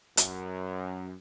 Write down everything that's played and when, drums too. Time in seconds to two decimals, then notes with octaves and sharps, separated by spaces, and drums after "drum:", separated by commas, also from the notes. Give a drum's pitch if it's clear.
0.17 F#2, drum: hi-hat